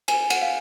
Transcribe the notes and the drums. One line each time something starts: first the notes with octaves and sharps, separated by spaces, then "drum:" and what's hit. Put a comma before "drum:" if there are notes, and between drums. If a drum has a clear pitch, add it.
G#5, drum: cymbal
F#5, drum: cymbal
F5